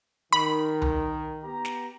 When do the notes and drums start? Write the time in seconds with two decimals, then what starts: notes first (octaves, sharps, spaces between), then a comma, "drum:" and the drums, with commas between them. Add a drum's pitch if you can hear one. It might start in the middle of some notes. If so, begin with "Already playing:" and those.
0.33 D#3 B5
0.82 drum: tom C2
1.44 B3 G4 A#5
1.65 drum: snare